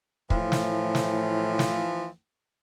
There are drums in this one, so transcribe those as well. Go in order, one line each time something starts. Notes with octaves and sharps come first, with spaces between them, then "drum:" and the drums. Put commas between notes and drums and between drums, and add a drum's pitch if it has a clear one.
A2 E3 F3, drum: kick
drum: snare
drum: snare
drum: snare